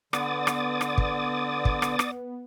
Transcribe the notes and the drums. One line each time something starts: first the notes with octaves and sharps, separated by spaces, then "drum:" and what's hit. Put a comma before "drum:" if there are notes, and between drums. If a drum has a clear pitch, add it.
D3 B3 D5 D#6 A6, drum: rim click
drum: rim click
drum: rim click
drum: kick
drum: kick
drum: rim click
drum: rim click